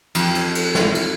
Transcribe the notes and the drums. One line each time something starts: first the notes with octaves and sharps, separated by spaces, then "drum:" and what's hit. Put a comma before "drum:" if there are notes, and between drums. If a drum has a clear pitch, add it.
F2, drum: cymbal
drum: cymbal
drum: cymbal
drum: snare
drum: cymbal